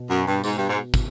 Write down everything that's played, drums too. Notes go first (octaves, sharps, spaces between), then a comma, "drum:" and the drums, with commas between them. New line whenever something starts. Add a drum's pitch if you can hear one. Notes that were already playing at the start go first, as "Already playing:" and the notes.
Already playing: B2
F#2
G2
G#2, drum: tambourine
G2
G#2
drum: kick, tambourine